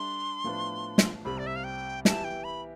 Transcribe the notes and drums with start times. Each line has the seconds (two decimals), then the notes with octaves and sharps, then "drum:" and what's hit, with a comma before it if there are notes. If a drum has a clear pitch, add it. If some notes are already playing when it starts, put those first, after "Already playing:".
Already playing: G3 D4 A4 E5 C6
0.44 A2 F3 B3 D4
0.98 drum: snare
1.25 C2 C3 G3 B5
1.38 D5
1.47 E5
1.56 F5
1.64 G5
2.05 E3 B3 E4 G4 A5, drum: snare
2.24 G5
2.44 B5